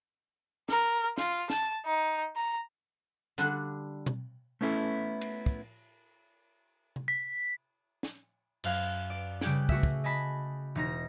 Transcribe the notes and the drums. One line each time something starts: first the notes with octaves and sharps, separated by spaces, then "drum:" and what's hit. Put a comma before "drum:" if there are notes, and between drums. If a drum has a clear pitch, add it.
A#4, drum: snare
F4, drum: snare
A5, drum: snare
D#4
A#5
D3 G3 D4 F4 F#5
drum: tom B2
A3 B3 C#4 E4 A4
drum: cymbal
drum: kick
drum: tom C3
B6
drum: snare
F#2 F5 F#6 G#6, drum: cymbal
D5
C#3 G3 G4 F#6 G#6 D7, drum: snare
A3 F#4 G#4 E5, drum: kick
drum: kick
D#5 G#5 A5 B5 B6
E1 D#4 A#6